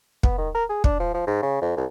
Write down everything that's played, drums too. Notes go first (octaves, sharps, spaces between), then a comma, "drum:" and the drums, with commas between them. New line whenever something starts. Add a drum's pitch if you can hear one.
B3, drum: kick
D#3
A#4
G#4
D4, drum: kick
F3
F3
G#2
C#3
F2
C2